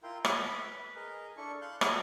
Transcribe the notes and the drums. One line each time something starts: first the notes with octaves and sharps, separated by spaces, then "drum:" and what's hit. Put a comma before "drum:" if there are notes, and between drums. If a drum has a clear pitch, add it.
E4 F4 A#4 G5 C6
B4, drum: rim click
G#4 A#4 D#5
D4 E4 A4 C#6
F5 C6 F#6 G6
F#4 A4 A#4 D#5 G5, drum: rim click